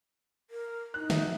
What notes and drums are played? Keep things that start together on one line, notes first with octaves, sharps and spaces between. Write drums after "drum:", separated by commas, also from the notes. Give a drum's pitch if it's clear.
A#4
D#4 F#6
E5, drum: snare